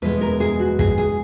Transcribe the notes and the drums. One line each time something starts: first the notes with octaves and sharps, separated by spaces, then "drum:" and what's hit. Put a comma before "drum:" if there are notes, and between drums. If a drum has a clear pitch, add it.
E2 B2 G#3 B4
A#4
G#4
F#4
G#4, drum: kick
G#4